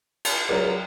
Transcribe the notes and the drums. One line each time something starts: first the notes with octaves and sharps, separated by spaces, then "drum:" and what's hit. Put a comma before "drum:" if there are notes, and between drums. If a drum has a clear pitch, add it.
drum: cymbal
C#2 F#3 A#4 D5